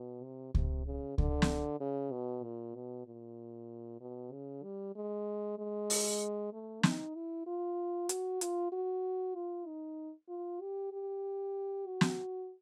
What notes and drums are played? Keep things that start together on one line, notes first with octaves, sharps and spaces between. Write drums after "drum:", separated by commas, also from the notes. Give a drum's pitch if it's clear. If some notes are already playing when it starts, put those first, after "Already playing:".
Already playing: B2
C3
C3, drum: kick C#2
C#3
D3, drum: kick C#2
drum: snare
C#3
B2
A#2
B2
A#2
B2
C#3
G3
G#3
G#3
drum: open hi-hat
A3
D#4, drum: snare
E4
F4
F#4, drum: hi-hat
F4, drum: hi-hat
F#4
F4
D#4
F4
G4
G4
F#4
drum: snare